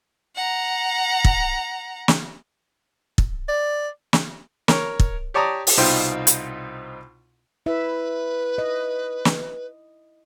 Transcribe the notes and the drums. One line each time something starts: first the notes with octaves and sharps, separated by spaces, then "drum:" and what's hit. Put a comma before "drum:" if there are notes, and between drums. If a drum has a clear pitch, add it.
F#5 A#5
drum: kick
drum: snare
drum: kick
D5
drum: snare
A#4 C#5, drum: snare
drum: kick
G4 C#5 D5 A5 A#5 D#6
drum: open hi-hat
C2 B2 C4 D#4 F4 G5
drum: hi-hat
E4 B4 E5
D#5
drum: snare